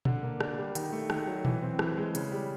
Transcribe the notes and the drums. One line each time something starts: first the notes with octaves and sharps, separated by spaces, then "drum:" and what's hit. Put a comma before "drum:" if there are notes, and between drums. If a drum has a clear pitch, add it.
D3, drum: tom A#2
A#3
D4, drum: rim click
G3
D#3, drum: hi-hat
A3
D#3, drum: rim click
F#3
E3, drum: tom A#2
C4
E3, drum: rim click
G#3
C#3, drum: hi-hat
G3